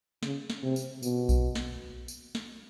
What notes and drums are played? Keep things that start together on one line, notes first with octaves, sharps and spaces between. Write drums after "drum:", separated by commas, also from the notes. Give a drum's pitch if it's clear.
C#3, drum: snare
drum: snare
C3
drum: tambourine
B2, drum: tambourine
drum: kick A#1, tambourine
drum: snare
drum: tambourine
drum: snare